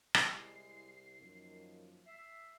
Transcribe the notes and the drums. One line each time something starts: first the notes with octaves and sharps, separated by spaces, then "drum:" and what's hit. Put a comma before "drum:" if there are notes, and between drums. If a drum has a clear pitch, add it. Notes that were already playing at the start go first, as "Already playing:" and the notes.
drum: rim click
C2 G#3 E4 C7
F#2 D#3 F3 A#3
E5 C7